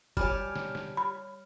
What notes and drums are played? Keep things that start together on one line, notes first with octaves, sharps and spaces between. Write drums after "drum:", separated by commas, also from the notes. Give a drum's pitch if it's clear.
G3 G4 C#5 G#5 A5 F6, drum: kick
drum: snare
drum: snare
B5